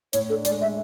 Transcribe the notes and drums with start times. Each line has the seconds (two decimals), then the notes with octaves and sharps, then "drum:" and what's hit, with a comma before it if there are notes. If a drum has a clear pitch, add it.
0.13 A2 C#5, drum: hi-hat
0.29 D4 A4
0.45 G#3 D5, drum: hi-hat
0.61 G#3 E5